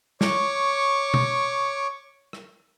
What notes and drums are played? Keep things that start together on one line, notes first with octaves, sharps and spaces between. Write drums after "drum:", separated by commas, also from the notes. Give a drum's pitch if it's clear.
C#5 C#6 D6, drum: snare
drum: tom
drum: rim click